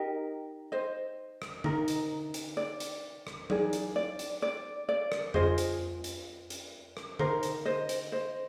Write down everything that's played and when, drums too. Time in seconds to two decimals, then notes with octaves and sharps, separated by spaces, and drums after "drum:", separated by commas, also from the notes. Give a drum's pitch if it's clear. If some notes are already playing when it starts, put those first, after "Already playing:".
Already playing: D#4 G4 A#4 D#5
0.72 C5 D#5
1.42 drum: rim click
1.64 D#4 A#4, drum: tom D3
1.88 drum: hi-hat
2.34 drum: hi-hat
2.57 D5
2.80 drum: hi-hat
3.27 drum: rim click
3.50 D#4 G#4 D5, drum: tom F#3
3.73 drum: hi-hat
3.96 D5
4.19 drum: hi-hat
4.42 D5
4.89 D5
5.12 drum: rim click
5.34 F4 G#4 C5 D#5, drum: tom F2
5.58 drum: hi-hat
6.04 drum: hi-hat
6.50 drum: hi-hat
6.97 drum: rim click
7.19 D#4 A#4 C5, drum: tom D3
7.43 drum: hi-hat
7.65 C5 D#5
7.89 drum: hi-hat
8.12 C5 D#5